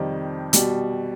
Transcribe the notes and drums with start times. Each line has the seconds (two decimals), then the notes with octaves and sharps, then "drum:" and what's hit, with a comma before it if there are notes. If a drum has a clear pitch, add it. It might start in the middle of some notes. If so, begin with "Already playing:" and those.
Already playing: F2 C3 D#3 G3
0.53 B2 G3, drum: hi-hat